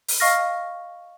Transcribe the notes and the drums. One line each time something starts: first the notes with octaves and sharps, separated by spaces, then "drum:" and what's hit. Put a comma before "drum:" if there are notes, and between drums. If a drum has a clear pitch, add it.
drum: open hi-hat
D#5 F5 C#6 F6 A#6